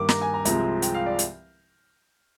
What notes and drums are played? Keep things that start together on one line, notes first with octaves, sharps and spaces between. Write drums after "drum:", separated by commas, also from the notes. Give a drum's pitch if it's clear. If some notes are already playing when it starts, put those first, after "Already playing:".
Already playing: G2 D#3 A#3 D6
A#5, drum: snare
G#5
A#5
C2 C3 F3 G#3 C4 A#5, drum: hi-hat
G5, drum: hi-hat
F5
D5
drum: hi-hat